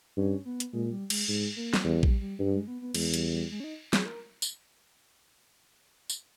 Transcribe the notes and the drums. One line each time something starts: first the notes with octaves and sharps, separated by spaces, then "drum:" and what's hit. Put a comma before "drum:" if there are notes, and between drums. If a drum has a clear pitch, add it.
G2 C#4
B3
drum: hi-hat
A#2 G#3
G3
G#3, drum: cymbal
G#2 G#3
A#3
drum: snare
E2 G3
G3, drum: kick
G3
G2 G3
G#3
B3
B3
E2 G#3, drum: cymbal
G3, drum: hi-hat
G3
G#3
C#4
D#4
G#4, drum: snare
A#4
drum: tambourine
drum: tambourine